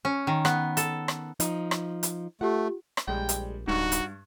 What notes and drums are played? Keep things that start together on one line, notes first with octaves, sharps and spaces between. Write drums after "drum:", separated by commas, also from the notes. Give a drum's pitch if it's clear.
C#4
D#3
B3, drum: rim click
A4, drum: hi-hat
drum: rim click
F3 D#4, drum: hi-hat
drum: rim click
drum: hi-hat
A3 F4 G4 F#5
drum: rim click
A#1 G3 G#3 G5
drum: hi-hat
D1 G2 D#4 F#4 C#6 F#6
drum: hi-hat